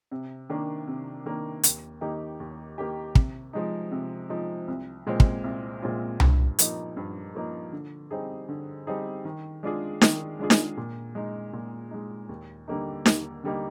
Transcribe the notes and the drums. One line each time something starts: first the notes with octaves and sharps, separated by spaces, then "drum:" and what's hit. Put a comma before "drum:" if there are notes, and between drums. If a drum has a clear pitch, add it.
C3
D#3 A#3 D4
C3
D#3 A#3 D4
D#2, drum: hi-hat
D#3 A#3 D#4 G4
D#2
D#3 A#3 D#4 G4
C3, drum: kick
F3 G#3 D#4
C3
F3 G#3 D#4
C2
A#2 G#3 C4 F4
drum: kick
C2
A#2 G#3 C4 F4
G2, drum: tom C2
F3 A#3 D#4, drum: hi-hat
G2
F3 A#3 D#4
D3
G3 C4 D#4 G#4
D3
G3 C4 D#4 G#4
D#3
G#3 D4 F4 G#4
D#3, drum: snare D#4
G#3 D4 F4 G#4
drum: snare D#4
A#2
G#3 D#4
A#2
G#3 D#4
D#2
D3 G3 A#3 D#4
D#2, drum: snare D#4
D3 G3 A#3 D#4